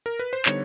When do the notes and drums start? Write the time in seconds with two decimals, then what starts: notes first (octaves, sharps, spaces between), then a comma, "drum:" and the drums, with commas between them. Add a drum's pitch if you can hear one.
0.06 A#4
0.19 B4
0.33 C5
0.46 D3 G3 B3 D#4 C#5, drum: clap